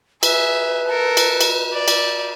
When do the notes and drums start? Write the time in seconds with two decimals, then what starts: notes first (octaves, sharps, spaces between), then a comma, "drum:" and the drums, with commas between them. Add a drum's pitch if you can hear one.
0.23 G#4 B4 E5, drum: cymbal
0.86 A4 A#4
1.17 drum: cymbal
1.41 drum: cymbal
1.73 D5
1.88 drum: cymbal